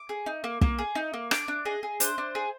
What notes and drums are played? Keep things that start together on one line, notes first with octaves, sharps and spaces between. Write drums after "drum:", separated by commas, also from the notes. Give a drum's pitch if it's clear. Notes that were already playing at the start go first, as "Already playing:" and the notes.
Already playing: D6
G#4
D#4
A#3
A#3, drum: kick
G#4
D#4
A#3
D4 D6, drum: rim click
D4
G#4 D#5
G#4
D4 C5, drum: hi-hat
D4
G#4